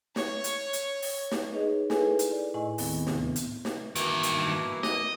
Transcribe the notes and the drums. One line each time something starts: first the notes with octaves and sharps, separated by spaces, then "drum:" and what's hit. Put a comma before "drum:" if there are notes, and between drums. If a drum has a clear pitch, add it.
C#5, drum: snare
drum: hi-hat
drum: hi-hat
drum: open hi-hat
drum: snare
D#4 G#4 B4 C#5 D#5
E4 G#4 A4 B4 G#5, drum: snare
drum: hi-hat
D5
A2 A3 E4 D#5 G#5 C#6
D#2 D#3 B3 C4, drum: open hi-hat
D2 A2 C3, drum: snare
drum: hi-hat
drum: snare
G2 B2 D#3 E3 A#3, drum: hi-hat
drum: hi-hat
D#5, drum: snare